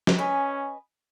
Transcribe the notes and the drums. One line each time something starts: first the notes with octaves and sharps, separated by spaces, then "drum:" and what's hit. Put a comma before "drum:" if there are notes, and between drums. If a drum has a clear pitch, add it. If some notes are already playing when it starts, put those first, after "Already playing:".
drum: snare
C#4 B4 D#5 G#5